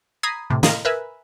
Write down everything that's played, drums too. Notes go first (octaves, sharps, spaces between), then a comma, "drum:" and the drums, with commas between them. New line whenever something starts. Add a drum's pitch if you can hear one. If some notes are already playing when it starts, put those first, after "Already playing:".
A#5 B5 D#6 G#6 C7
A2 C3
D#5 F5 A#5, drum: snare
A#4 B4 E5 G#5